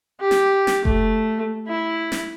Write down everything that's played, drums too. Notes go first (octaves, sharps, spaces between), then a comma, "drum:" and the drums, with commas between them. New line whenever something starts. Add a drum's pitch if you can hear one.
G4
drum: snare
drum: snare
A3, drum: kick F1
E4
drum: snare